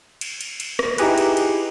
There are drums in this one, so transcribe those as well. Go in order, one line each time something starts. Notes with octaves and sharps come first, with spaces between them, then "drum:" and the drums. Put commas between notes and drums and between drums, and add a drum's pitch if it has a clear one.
drum: cymbal
drum: cymbal
drum: cymbal
drum: rim click
D#4 E4 G4 G#4 B4, drum: cymbal
drum: cymbal
drum: cymbal